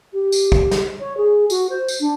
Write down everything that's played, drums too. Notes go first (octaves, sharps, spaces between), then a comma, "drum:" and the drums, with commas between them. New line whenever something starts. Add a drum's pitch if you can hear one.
G4
drum: tambourine
drum: kick
drum: snare
C#5
G#4
F#4, drum: tambourine
C5
drum: tambourine
D4